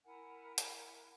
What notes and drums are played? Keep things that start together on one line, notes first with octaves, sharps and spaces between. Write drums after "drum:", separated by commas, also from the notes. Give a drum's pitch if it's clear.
E4 A#4 F#5 G#5
drum: hi-hat